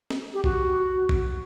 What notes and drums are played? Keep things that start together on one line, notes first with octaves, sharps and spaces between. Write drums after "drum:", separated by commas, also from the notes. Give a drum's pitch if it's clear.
drum: snare
G4
F#4, drum: kick
drum: kick